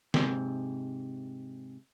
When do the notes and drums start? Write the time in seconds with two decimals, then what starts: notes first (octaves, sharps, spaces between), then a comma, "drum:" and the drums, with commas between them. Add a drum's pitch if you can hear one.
0.14 G#2 C3, drum: snare